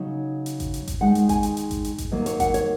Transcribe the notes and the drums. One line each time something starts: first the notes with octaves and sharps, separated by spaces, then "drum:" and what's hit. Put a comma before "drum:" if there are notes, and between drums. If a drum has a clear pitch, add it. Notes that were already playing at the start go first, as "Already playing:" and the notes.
Already playing: C#3 F#3 D#4
drum: hi-hat
drum: kick G#1, hi-hat
drum: hi-hat
drum: kick G#1, hi-hat
D#3 G#3 D#4 F#5
drum: hi-hat
G#5, drum: kick G#1, hi-hat
drum: hi-hat
drum: hi-hat
drum: kick G#1, hi-hat
drum: hi-hat
drum: kick G#1, hi-hat
D#3 F#3 A#3
C#5, drum: hi-hat
F#5, drum: kick G#1, hi-hat
C#5, drum: hi-hat